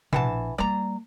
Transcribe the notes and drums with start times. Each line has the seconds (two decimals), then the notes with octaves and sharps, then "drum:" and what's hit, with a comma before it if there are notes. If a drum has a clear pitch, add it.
0.13 A#1 E3 F#5 A5, drum: tom B2
0.58 G3 A#3 D5 A#5